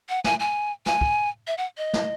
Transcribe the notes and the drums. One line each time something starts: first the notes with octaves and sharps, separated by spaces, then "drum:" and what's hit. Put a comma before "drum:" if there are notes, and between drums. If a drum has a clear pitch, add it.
F#5
G#5, drum: snare
G#5
G#5, drum: snare
drum: kick
E5
F#5
D#5
drum: snare